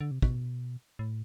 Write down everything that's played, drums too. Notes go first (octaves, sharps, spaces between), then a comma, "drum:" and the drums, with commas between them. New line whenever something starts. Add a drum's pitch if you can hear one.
D3
C3
B2, drum: kick
A2